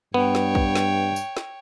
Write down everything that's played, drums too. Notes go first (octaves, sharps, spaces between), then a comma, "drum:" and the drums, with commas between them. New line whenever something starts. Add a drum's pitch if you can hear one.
G2 B3 C#5 G5
drum: snare
drum: kick
drum: snare
drum: tambourine
drum: snare